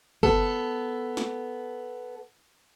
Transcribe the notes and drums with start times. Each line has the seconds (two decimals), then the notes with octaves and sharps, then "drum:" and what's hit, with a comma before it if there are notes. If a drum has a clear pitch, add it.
0.23 B3 A4, drum: kick
1.17 drum: snare